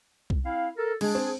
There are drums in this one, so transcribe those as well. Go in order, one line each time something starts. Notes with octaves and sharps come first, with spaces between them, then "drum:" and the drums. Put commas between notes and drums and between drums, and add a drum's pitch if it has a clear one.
drum: kick
C4 E4 F5
A4 A#4
G#3 D4 G#4, drum: cymbal
C4